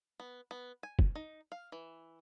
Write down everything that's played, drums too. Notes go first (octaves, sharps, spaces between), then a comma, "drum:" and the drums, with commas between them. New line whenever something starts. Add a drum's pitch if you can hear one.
B3
B3
G#5
drum: kick
D#4
F5
E3